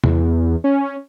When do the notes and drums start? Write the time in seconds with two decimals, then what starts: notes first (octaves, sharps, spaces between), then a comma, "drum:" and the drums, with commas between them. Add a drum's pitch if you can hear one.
0.04 E2, drum: tom
0.64 C#4